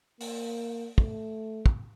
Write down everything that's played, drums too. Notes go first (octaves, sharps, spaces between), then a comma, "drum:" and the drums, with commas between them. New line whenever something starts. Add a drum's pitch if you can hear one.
A#3, drum: open hi-hat
A3, drum: kick
drum: kick